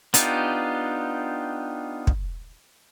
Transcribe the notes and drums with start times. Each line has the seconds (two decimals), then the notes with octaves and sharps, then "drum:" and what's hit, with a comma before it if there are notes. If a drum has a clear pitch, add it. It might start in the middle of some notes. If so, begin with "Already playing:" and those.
0.14 B3 D4 D#4 F4 G4, drum: hi-hat
2.07 drum: kick